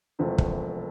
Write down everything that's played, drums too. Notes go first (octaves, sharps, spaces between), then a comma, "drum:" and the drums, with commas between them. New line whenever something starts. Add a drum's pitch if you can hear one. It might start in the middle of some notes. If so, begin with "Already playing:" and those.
E1 E2 C3 F3 A3
drum: kick